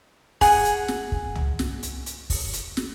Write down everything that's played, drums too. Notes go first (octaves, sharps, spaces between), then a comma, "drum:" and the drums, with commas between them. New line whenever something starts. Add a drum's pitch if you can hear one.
G#4 F#5, drum: kick, open hi-hat
drum: hi-hat
drum: snare
drum: kick
drum: tom
drum: snare
drum: hi-hat
drum: hi-hat
drum: kick, open hi-hat
drum: hi-hat
drum: snare